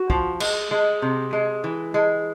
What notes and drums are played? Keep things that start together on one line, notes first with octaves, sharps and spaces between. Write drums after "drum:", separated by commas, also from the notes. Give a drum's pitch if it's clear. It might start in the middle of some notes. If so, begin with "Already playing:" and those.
Already playing: F#4
F3, drum: kick
G#3, drum: cymbal
G#3
C3
G#3
E3
G#3